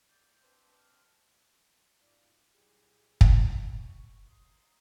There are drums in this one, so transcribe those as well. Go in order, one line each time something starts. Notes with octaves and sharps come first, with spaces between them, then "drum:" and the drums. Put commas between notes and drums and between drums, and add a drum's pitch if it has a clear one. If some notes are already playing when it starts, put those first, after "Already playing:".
D5 G6
C4 D4 B4 C5
F6
G#2 B2 A#3 C#4 F4 D5
C2 A#2 F#3 E4 G4 G#4
drum: kick
E2 A3 F#4 C#6
A#5 C6 D#6